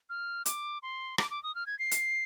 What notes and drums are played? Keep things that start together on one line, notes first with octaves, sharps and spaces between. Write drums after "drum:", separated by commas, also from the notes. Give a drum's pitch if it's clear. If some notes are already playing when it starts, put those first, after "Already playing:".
F6
D6, drum: hi-hat
C6
D6, drum: rim click
D6
D#6
F6
G#6
C7
drum: hi-hat